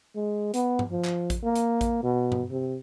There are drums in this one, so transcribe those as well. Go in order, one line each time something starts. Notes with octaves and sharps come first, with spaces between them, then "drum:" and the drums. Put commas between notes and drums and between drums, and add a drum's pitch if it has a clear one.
G#3
B3, drum: hi-hat
drum: tom G2
F3
drum: clap
drum: kick A1, hi-hat
A#3
drum: hi-hat
drum: kick A1, hi-hat
B2
drum: tom G2
C3